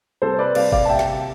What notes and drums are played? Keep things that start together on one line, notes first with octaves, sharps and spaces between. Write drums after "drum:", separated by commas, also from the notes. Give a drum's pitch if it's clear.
C2 A4 C5
B4 D5
C2 D5 F5, drum: cymbal
D5 F5, drum: kick G1
A5
C3 E5 G5
drum: snare